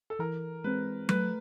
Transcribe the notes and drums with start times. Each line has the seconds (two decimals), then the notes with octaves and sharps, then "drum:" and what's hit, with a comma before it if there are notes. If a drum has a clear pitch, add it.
0.10 A4
0.19 E3 A#4
0.64 G#3 C4 B4
1.09 A3 B4, drum: tom F#3